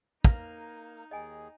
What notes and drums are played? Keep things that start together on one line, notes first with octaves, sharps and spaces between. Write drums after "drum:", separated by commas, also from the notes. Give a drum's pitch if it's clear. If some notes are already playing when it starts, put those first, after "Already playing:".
A#3 D#4 B4 A#5, drum: kick
D#2 G#4 D#5 G5 G#5